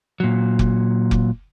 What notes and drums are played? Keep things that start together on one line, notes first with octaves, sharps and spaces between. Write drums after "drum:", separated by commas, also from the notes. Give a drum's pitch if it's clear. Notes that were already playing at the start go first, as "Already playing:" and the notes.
A#2 F#3
drum: kick F1
drum: kick F1